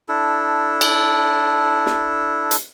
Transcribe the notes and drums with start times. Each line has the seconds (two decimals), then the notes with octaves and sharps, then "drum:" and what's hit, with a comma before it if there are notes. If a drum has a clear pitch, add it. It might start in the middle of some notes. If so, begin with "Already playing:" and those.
0.09 D4 E4 A4
0.81 drum: cymbal
1.86 drum: snare
2.51 drum: hi-hat